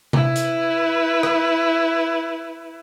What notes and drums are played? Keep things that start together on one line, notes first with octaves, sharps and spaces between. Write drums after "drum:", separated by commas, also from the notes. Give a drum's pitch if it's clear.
E4 B4, drum: tom C3
drum: hi-hat
drum: rim click